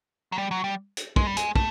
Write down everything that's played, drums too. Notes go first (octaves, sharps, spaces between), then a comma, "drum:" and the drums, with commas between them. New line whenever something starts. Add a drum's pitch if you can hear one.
F#3
G3
F#3
G3
drum: hi-hat
G#3, drum: kick
G3
G#3, drum: hi-hat
A3, drum: kick